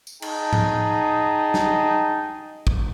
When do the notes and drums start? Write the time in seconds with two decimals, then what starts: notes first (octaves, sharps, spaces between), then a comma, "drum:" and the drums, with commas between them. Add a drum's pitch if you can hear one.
0.07 drum: tambourine
0.22 D#4 G#4 G5 A5, drum: cymbal
0.53 drum: tom G#2
1.54 drum: snare
2.67 drum: kick